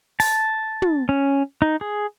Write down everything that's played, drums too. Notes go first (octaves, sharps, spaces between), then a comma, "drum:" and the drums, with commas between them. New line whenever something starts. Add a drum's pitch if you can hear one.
A5, drum: open hi-hat
drum: tom
C#4
D#4
G#4